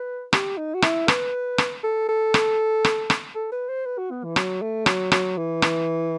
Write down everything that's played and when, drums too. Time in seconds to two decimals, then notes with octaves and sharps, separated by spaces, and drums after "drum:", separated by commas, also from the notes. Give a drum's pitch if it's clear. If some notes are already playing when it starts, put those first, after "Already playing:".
Already playing: B4
0.33 G4, drum: rim click
0.57 D#4
0.74 F#4
0.82 E4, drum: rim click
1.08 B4, drum: rim click
1.58 drum: rim click
1.83 A4
2.09 A4
2.34 drum: rim click
2.85 drum: rim click
3.10 drum: rim click
3.35 A4
3.52 B4
3.69 C5
3.86 B4
3.98 F#4
4.11 B3
4.24 E3
4.36 F#3, drum: rim click
4.62 A3
4.86 F#3, drum: rim click
5.12 F#3, drum: rim click
5.37 E3
5.62 drum: rim click